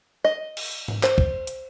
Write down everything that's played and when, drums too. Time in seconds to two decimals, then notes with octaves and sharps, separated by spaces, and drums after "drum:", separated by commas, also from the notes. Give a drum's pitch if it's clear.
0.24 D#5
0.57 drum: cymbal
0.88 drum: tom G#2
1.03 C5, drum: clap
1.18 drum: kick
1.47 drum: hi-hat